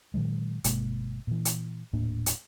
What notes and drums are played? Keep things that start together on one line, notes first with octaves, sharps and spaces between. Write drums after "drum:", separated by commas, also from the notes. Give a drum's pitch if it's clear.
A#2 D#3 F#3 G#3
G1 B2 G#3 A#3, drum: hi-hat
A#2 E3
drum: hi-hat
D#1 A2 A#3 D4
drum: hi-hat